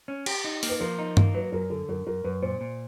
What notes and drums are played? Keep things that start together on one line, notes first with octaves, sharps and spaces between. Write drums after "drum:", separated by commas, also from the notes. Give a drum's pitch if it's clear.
C#4
G4, drum: cymbal
D#4
A#3, drum: open hi-hat
B4
F3 A#4
D#4
A#3, drum: tom G2
F#3 B4
F#2 A#4
D3 A4
F#2 A#4
F#2 A#4
F#2 B4
A#2 C5
A#2